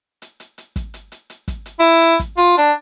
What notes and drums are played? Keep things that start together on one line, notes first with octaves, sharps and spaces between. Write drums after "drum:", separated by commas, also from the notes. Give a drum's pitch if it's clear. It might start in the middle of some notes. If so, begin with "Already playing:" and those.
drum: hi-hat
drum: hi-hat
drum: hi-hat
drum: kick, hi-hat
drum: hi-hat
drum: hi-hat
drum: hi-hat
drum: kick, hi-hat
drum: hi-hat
E4
drum: hi-hat
drum: kick, hi-hat
F4, drum: hi-hat
D4, drum: hi-hat